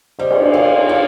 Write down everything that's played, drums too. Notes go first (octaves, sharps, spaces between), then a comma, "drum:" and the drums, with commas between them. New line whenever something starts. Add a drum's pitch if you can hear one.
G3 C5 D#5
drum: cymbal
D#5
F4 A#4 C#5
F4 C#5 F5